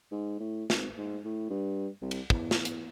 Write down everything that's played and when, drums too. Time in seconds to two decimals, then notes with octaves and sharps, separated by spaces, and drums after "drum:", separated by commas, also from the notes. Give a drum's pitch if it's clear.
0.11 G#2
0.40 A2
0.70 G#1, drum: snare
0.97 G#2
1.24 A2
1.50 G2
2.02 C2
2.11 drum: cymbal
2.30 E2, drum: kick
2.51 drum: snare
2.65 drum: hi-hat